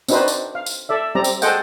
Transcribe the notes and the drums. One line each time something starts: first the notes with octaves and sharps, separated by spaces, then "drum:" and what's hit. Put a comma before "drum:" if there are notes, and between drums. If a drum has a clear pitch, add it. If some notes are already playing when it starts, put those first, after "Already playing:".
C4 D4 D#4 F#4 B4 C5, drum: tambourine
drum: tambourine
F5
drum: tambourine
A4 D5 E5
G3 C4 D5 A#5
drum: tambourine
G#4 A4 C5 D#5 F#5 G5, drum: tambourine